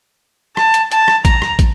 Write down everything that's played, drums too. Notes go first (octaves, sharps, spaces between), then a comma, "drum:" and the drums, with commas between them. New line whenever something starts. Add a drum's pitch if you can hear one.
A5, drum: rim click
drum: hi-hat
A5, drum: hi-hat
drum: rim click
A#5, drum: kick, hi-hat
drum: rim click
drum: kick, hi-hat